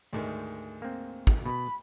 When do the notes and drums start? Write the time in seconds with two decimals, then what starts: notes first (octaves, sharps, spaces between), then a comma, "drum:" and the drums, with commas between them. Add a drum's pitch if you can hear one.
0.13 D2 G#2 D#3
0.82 A#3 C4
1.27 drum: kick
1.46 B2 B5